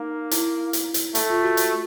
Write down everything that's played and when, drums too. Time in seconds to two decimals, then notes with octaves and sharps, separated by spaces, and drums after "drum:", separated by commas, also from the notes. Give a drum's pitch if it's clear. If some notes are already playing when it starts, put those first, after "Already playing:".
Already playing: A#3 D#4
0.31 E4, drum: hi-hat
0.73 drum: hi-hat
0.94 drum: hi-hat
1.15 A3, drum: hi-hat
1.30 F4
1.43 F#4
1.57 drum: hi-hat